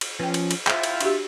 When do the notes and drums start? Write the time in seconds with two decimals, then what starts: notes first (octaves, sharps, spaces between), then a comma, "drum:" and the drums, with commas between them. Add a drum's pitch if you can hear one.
0.01 drum: cymbal
0.20 F3 C#4 B4 G5
0.34 drum: cymbal
0.51 drum: cymbal
0.67 E4 F4 G#4 C5 E5 F5 G5, drum: clap
0.83 drum: cymbal
1.01 D4 F#4 G4, drum: cymbal